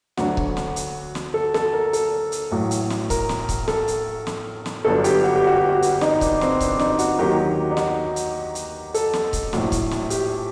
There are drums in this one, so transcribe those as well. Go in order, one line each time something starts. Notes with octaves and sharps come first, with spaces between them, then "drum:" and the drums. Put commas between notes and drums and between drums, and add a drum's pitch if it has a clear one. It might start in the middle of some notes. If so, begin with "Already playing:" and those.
D2 D3 F#3 F#4, drum: snare
drum: kick C#1
drum: snare
drum: hi-hat
drum: snare
A4
A4, drum: snare
A#4
A4, drum: hi-hat
drum: hi-hat
A1 A2 F#3
drum: hi-hat
drum: snare
A#4, drum: kick C#1, hi-hat
drum: snare
drum: kick C#1, hi-hat
A4, drum: snare
drum: hi-hat
drum: snare
drum: snare
G1 G2 F#3 A4
G4, drum: hi-hat
F#4
G4
F#4
G4
F#4
drum: hi-hat
D#4, drum: snare
D4, drum: kick C#1, hi-hat
C4, drum: snare
D4, drum: kick C#1, hi-hat
D#4, drum: snare
F#4, drum: hi-hat
D#2 D#3 F#3 G4
F#4
G4
D#4
F#4, drum: snare
drum: hi-hat
drum: hi-hat
A4, drum: hi-hat
drum: snare
drum: kick C#1, hi-hat
A#1 A2 F#3, drum: snare
drum: kick C#1, hi-hat
drum: snare
G4, drum: hi-hat